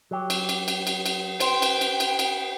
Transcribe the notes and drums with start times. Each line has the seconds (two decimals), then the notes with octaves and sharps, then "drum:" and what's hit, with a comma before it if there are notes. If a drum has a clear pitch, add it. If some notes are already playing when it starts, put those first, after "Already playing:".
0.11 F#3 G4
0.30 drum: cymbal
0.49 drum: cymbal
0.68 drum: cymbal
0.87 drum: cymbal
1.06 drum: cymbal
1.40 B4 C5 G5, drum: cymbal
1.62 drum: cymbal
1.81 drum: cymbal
2.00 drum: cymbal
2.19 drum: cymbal